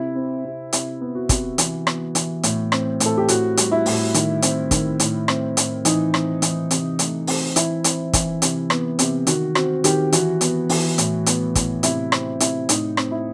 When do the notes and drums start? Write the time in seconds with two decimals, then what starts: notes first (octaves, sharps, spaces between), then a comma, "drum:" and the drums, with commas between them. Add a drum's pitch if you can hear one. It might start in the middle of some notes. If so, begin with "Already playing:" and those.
Already playing: C3 E4
0.15 C4
0.45 C3
0.73 C3 E4, drum: hi-hat
1.01 B3
1.15 F#4
1.29 C3, drum: kick, hi-hat
1.58 E3, drum: hi-hat
1.87 B3, drum: rim click
2.15 E3, drum: hi-hat
2.43 A2, drum: hi-hat
2.72 C4, drum: rim click
3.00 A2, drum: hi-hat
3.06 A4
3.17 G4
3.28 A2 F#4, drum: hi-hat
3.57 G3, drum: hi-hat
3.71 E4
3.86 A2, drum: open hi-hat
4.14 D#3, drum: hi-hat
4.42 C4, drum: hi-hat
4.71 D#3, drum: kick, hi-hat
5.00 A2, drum: hi-hat
5.28 C4, drum: rim click
5.57 A2, drum: hi-hat
5.85 E3 D#4, drum: hi-hat
6.14 C4, drum: rim click
6.42 E3, drum: hi-hat
6.71 C3, drum: hi-hat
6.99 A3, drum: hi-hat
7.27 C4, drum: open hi-hat
7.56 E3 E4, drum: hi-hat
7.84 C4, drum: hi-hat
8.13 E3, drum: kick, hi-hat
8.42 C3, drum: hi-hat
8.70 B3, drum: rim click
8.99 C3, drum: hi-hat
9.27 D#3 F#4, drum: hi-hat
9.55 C4 F#4, drum: rim click
9.84 D#3 G4, drum: hi-hat
10.12 E3 F#4, drum: hi-hat
10.41 B3, drum: hi-hat
10.69 E3, drum: open hi-hat
10.98 A2, drum: hi-hat
11.26 B3, drum: hi-hat
11.55 A2, drum: kick, hi-hat
11.83 C3 E4, drum: hi-hat
12.12 C4, drum: rim click
12.40 C3 E4, drum: hi-hat
12.69 A2 D#4, drum: hi-hat
12.97 C4, drum: rim click
13.11 E4